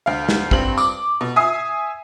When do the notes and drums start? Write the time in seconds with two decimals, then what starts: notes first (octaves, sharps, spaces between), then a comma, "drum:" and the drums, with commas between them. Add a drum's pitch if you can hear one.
0.06 D2 F5
0.29 drum: snare
0.51 G2 C4 F#7, drum: kick
0.78 D6, drum: tambourine
1.21 B2
1.36 E5 G#5 D#6 C7